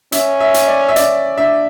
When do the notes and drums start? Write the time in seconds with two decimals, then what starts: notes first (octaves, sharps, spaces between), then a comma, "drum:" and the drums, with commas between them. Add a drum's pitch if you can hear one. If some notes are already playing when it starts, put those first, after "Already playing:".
0.12 C#4 E5, drum: hi-hat
0.40 E5
0.54 drum: hi-hat
0.68 D5
0.88 E5
0.96 C#4 D5, drum: hi-hat
1.37 D4 E5